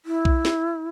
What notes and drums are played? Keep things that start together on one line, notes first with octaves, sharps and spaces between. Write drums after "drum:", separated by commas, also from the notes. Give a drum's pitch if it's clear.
E4
drum: kick B1
drum: snare